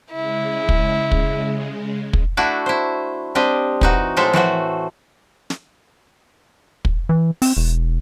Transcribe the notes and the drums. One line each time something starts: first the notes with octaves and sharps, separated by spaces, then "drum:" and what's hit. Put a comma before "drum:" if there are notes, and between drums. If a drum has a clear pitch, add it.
C#3 G#3 E4
drum: kick
drum: kick
drum: kick
A3 D4 E4 F#4
E4 C5
G3 C4 D4 G4 D#5
E3 D#4 F#4, drum: kick
A2 F3 G#3 A4 C5 E5
E3 A3 F#4 C5, drum: tom F3
drum: snare
drum: kick
E3
C4, drum: open hi-hat
E1